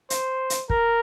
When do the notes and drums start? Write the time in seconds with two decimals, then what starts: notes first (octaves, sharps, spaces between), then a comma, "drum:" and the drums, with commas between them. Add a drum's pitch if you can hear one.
0.10 C5, drum: hi-hat
0.50 drum: hi-hat
0.70 A#4, drum: kick